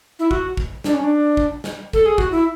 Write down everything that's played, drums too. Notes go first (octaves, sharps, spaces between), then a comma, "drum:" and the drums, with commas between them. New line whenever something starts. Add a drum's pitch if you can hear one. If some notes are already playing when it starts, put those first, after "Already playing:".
E4
F#4, drum: kick
drum: kick
D4, drum: snare
C#4
D4
drum: kick
drum: snare
A4, drum: kick
G#4
F#4, drum: kick
E4